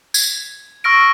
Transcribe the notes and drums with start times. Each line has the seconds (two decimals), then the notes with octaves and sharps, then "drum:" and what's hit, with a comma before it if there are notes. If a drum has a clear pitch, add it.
0.14 G#6, drum: tambourine
0.84 C#6 E6 F6 A#6 D7